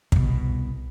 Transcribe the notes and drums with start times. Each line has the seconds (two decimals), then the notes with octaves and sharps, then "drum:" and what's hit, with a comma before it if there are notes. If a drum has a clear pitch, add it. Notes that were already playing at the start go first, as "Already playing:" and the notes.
0.12 C2 B2, drum: kick